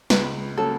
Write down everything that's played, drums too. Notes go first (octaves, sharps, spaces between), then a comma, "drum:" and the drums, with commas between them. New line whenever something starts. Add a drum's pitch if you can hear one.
C#2 B4, drum: snare
C#3 F#3 A#3 A4